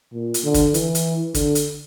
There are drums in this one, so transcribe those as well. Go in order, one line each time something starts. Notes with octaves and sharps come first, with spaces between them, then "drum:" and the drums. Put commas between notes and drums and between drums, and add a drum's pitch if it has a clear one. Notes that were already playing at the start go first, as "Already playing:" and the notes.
A#2
drum: hi-hat
D3
drum: kick, hi-hat
E3, drum: hi-hat
drum: hi-hat
D3, drum: kick, hi-hat
drum: hi-hat